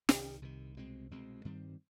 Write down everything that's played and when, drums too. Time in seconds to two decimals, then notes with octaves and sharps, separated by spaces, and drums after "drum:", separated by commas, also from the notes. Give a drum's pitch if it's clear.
0.09 C2 C3 D#3, drum: snare
0.42 C2 C3 D#3
0.77 C2 B2 G#3 C4
1.11 C2 B2 G#3 C4
1.45 G2 D#3 G3 C4